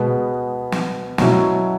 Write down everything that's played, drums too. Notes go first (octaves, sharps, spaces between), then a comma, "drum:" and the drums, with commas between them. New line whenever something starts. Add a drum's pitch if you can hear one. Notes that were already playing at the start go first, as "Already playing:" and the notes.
Already playing: B2 G#3 B3
drum: snare
B2 F#3 C#4 E4, drum: snare